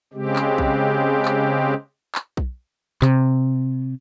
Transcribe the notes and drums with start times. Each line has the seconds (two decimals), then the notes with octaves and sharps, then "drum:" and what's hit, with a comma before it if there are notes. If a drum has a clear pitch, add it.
0.14 C#3 G#3 C4 G4
0.36 drum: clap
0.58 drum: kick B1
1.25 drum: clap
2.15 drum: clap
2.37 drum: kick B1
3.02 C3, drum: clap